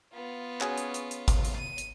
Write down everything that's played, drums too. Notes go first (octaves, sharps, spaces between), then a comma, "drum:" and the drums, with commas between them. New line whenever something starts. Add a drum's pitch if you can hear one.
B3 F4
C#4 F#4 G#4, drum: clap
drum: hi-hat
drum: hi-hat
drum: hi-hat
drum: kick, hi-hat
drum: hi-hat
D#7
drum: hi-hat